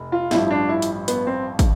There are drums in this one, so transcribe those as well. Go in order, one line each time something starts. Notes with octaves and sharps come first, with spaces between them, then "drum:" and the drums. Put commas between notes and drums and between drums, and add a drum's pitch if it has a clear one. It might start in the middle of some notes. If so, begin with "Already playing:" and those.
Already playing: F1
F4
A1 G2 F3 E4, drum: snare
D4
E4
drum: hi-hat
B3, drum: hi-hat
C4
drum: kick, hi-hat